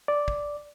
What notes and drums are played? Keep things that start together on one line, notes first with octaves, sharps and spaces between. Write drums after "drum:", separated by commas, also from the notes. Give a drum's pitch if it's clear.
D5
drum: kick